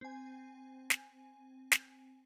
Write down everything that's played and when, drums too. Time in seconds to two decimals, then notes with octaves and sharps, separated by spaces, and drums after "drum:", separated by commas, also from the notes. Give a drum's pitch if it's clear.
0.01 C4 G#5
0.90 drum: snare
1.72 drum: snare